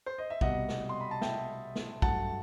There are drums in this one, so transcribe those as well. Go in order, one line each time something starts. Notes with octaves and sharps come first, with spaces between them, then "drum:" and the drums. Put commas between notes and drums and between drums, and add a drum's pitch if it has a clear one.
C5
D#5
E5
C2 B2 G3 D#5 F#5, drum: kick
drum: snare
C6
B5
A5
E5 G5, drum: snare
drum: snare
G2 F#3 A3 F#5 A5, drum: kick